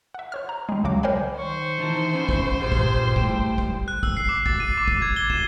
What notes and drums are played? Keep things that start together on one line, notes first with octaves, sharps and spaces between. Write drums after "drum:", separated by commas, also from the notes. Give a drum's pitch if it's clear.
E5 F#5
C5 C#5 F6
A#5
G3 G#3
C#2 C#3 F#3 D6
A#4 C5 C#5 G5 G#5 B5
D#3 C5 C#6
E3 D#4 A5
B3 C#4 E4
drum: kick
G2 A#2 G3 G#4
drum: kick
A2 G3 G5, drum: kick
drum: kick
F#6
E6, drum: kick
C7
D6
A6, drum: kick
D#7
D6
drum: kick
G#6
G7
E7, drum: kick